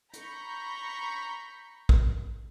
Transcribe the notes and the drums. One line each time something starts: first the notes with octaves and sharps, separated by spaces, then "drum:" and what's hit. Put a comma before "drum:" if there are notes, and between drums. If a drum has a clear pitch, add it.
A#5 B5 C#6 G6, drum: hi-hat
drum: kick